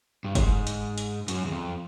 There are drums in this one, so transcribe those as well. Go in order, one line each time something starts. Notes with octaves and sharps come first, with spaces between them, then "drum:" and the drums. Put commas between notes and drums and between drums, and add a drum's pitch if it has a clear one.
G2
G#2, drum: kick F#1, hi-hat
drum: hi-hat
drum: hi-hat
F#2, drum: hi-hat
E2
F2